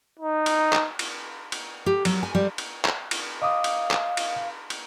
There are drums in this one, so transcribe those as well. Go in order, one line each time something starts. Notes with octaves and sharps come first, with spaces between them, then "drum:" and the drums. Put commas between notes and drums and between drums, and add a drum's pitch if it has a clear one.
D#4
drum: cymbal
drum: clap
drum: cymbal
drum: cymbal
G4
F#3, drum: cymbal
G#5
G3
drum: cymbal
drum: clap
drum: cymbal
D#5 F5 D6 D#6
drum: cymbal
drum: clap
drum: cymbal
drum: cymbal